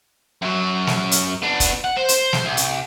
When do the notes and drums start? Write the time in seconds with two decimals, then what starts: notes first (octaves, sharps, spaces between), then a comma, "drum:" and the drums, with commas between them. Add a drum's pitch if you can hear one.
0.42 F#2 F#3
0.87 drum: snare
1.11 drum: hi-hat
1.42 B3 D4
1.60 drum: kick, hi-hat
1.84 F#5
1.96 C5
2.09 drum: hi-hat
2.33 drum: snare
2.45 C2
2.57 drum: hi-hat